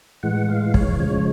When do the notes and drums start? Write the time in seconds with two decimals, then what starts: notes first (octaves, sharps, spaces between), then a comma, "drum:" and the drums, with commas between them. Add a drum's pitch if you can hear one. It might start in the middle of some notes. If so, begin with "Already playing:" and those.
0.23 A2 E3 G#3 F#5
0.48 F5
0.74 C#5, drum: kick
0.99 C#3 F3 G#3 C#5